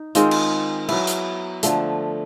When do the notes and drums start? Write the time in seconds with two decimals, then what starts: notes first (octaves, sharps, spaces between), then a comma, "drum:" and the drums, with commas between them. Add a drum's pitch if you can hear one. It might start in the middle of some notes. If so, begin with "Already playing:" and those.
Already playing: D#4
0.15 D#3 G#3 C4 F4, drum: hi-hat
0.31 drum: cymbal
0.89 F#3 B3 E4, drum: cymbal
1.07 drum: hi-hat
1.63 D3 F3 A3, drum: hi-hat